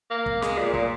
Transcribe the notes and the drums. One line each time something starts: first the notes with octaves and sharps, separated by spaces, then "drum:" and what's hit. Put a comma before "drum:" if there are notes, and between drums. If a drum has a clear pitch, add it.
A#3
drum: kick
G#3, drum: snare
A#2
A#2, drum: kick